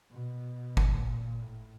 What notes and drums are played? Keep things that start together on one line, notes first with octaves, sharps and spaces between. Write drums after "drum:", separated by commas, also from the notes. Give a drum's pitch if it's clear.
B2
A#2, drum: kick G1
A2